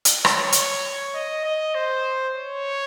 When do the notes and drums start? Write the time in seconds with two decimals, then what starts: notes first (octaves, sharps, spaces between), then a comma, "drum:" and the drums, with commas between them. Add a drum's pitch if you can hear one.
0.05 drum: hi-hat
0.25 C#5, drum: rim click
0.52 drum: hi-hat
1.14 D#5
1.44 D#5
1.74 C5
2.34 C#5